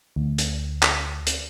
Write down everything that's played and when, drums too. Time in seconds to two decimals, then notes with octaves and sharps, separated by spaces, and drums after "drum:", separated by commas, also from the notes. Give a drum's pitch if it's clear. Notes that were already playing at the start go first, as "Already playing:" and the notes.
0.16 D2
0.38 drum: hi-hat
0.83 drum: clap
1.27 drum: hi-hat